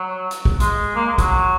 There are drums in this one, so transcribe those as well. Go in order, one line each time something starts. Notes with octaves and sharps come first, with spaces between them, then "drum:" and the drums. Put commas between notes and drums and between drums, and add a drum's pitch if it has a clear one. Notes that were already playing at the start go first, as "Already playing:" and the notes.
Already playing: F#3
drum: hi-hat
drum: kick
G#3, drum: hi-hat
A#3
G#3
F#3, drum: kick, hi-hat